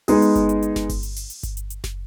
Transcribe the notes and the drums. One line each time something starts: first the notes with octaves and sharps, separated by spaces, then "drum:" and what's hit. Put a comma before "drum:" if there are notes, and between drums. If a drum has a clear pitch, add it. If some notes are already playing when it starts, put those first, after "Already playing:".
G#3 B3 D#4 G#4, drum: open hi-hat
drum: hi-hat
drum: kick G1, hi-hat
drum: hi-hat
drum: hi-hat
drum: snare F#1
drum: kick G1, open hi-hat
drum: hi-hat
drum: open hi-hat
drum: hi-hat
drum: kick G1, hi-hat
drum: hi-hat
drum: hi-hat
drum: snare F#1